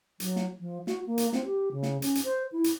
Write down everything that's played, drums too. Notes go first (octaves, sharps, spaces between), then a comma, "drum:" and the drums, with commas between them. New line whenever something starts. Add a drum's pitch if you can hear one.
F#3, drum: hi-hat
drum: snare
F3
F#4, drum: snare
A#3
drum: hi-hat
C4, drum: snare
G4
C#3
drum: snare
C#4, drum: hi-hat
drum: hi-hat
C5
E4
drum: hi-hat